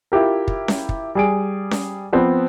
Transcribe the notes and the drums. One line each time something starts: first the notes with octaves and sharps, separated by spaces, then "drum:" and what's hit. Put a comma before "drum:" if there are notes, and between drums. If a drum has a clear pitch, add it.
E4 F4 G4 A#4
drum: kick
drum: snare C#4
drum: kick
G3 G#4 D7
drum: snare C#4
F3 B3 C4